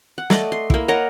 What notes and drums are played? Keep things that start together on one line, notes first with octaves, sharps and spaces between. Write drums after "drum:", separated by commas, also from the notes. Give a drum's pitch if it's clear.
F#5
A3 D5 D#5, drum: snare
C6
A#3 E4, drum: kick
A#4 C#5 D#5 F#5